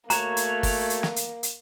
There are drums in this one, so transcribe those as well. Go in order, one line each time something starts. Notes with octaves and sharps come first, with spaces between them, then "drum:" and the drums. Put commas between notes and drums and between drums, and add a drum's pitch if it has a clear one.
A3 A#3 F#4 C#5 A#5, drum: hi-hat
drum: hi-hat
drum: kick, open hi-hat
drum: hi-hat
drum: snare
drum: hi-hat
drum: hi-hat